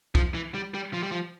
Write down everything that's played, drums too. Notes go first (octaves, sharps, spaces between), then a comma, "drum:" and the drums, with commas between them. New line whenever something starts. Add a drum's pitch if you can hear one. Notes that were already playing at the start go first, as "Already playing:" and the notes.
F3, drum: kick C2
E3
G3
G3
F3
G3
F3